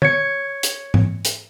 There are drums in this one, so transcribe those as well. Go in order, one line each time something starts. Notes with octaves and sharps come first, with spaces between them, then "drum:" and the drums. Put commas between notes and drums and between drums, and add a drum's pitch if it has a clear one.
C#5 G#6 C#7, drum: tom
drum: hi-hat
drum: tom G#2
drum: hi-hat